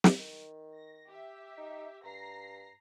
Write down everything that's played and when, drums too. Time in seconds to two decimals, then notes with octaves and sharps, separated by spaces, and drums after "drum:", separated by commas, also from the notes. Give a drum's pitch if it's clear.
0.04 drum: snare
0.18 D#3
0.74 A#6
1.08 G4 E5
1.57 D#4
2.05 G2 A#5 A#6 C7